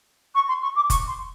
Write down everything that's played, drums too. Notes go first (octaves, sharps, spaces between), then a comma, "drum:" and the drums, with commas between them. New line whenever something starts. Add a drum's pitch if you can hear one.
C#6
C6
C#6
D6
C#6, drum: kick F1, hi-hat
C6